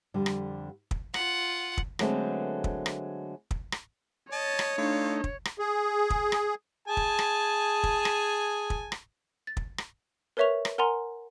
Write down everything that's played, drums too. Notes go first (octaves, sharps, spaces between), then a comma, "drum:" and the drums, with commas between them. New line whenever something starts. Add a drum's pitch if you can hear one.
F2 D3 G3
drum: rim click
drum: kick
F4 F#5, drum: rim click
drum: kick
D3 F#3 G#3 A3 B3 C4, drum: rim click
drum: kick
drum: rim click
drum: kick
drum: rim click
C#5 D#5 A5
drum: rim click
A3 D4 D#4 F4
drum: kick
drum: rim click
G#4
drum: kick
drum: rim click
G#4 G#5 A5
drum: kick
drum: rim click
drum: kick
drum: rim click
drum: kick
drum: rim click
A6
drum: kick
drum: rim click
A#4 B4 C#5 E5 C#6 F7
drum: rim click
A#4 F#5 G#5 A#5 C6